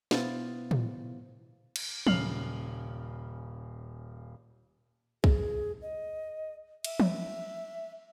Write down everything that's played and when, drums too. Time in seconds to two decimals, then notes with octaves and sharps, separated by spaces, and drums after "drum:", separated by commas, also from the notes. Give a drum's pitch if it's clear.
0.11 B2 B3 E4 C5 F5 A6, drum: snare
0.71 drum: tom
1.76 drum: cymbal
2.07 D#1 C#3 F6 C7 F7 F#7, drum: tom
5.24 G#4, drum: kick
5.82 D#5
6.84 E5, drum: cymbal
7.00 drum: tom